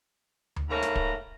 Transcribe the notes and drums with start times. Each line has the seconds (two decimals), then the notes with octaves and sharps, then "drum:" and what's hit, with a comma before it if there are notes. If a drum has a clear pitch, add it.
0.56 drum: tom D2
0.69 G#2 A3 A#3 C#5 A#5 B5
0.82 drum: snare
0.95 drum: kick